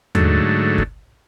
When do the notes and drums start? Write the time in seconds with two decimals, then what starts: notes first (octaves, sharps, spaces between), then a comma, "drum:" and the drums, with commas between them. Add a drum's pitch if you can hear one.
0.15 G#2 D3 F#3 A3, drum: tom D#2
0.78 drum: kick